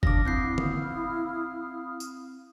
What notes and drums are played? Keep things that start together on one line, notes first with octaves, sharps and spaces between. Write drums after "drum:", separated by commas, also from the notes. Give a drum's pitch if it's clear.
D4 F5 D6 D#6 F6 A#6, drum: kick F#1
C4 E4 G6 C7
drum: tom D3
drum: tambourine